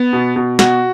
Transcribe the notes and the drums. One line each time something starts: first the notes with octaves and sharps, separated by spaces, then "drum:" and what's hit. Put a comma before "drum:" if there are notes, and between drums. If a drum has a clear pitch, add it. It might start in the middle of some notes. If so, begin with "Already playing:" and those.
Already playing: B3
B2
B2
B2 F#4, drum: snare